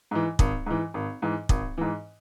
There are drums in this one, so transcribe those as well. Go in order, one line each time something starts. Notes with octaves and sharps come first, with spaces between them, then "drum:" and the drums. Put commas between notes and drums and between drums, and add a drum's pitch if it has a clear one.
G#2 E3
G#1, drum: kick
G#2 E3
G#1
G#2 E3
G#1, drum: kick
G#2 E3